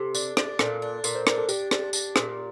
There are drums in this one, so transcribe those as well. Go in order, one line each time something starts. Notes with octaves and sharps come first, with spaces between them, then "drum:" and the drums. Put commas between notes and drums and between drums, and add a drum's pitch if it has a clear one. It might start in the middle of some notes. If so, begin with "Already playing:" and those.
Already playing: C3 G4 A4
D4, drum: tambourine
D4, drum: rim click
A#2 A4, drum: rim click
D4
A#2 A#4, drum: tambourine
C5
D4 A#4, drum: rim click
A4
D4 G4, drum: tambourine
D4, drum: rim click
D4, drum: tambourine
A#2, drum: rim click